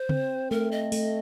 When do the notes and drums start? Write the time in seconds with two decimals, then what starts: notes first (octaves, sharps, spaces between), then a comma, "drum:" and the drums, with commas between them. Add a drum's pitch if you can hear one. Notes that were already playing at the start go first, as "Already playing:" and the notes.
Already playing: C5
0.09 C4, drum: tom C#3
0.51 A3 A#4
0.71 D#5
0.92 A3, drum: open hi-hat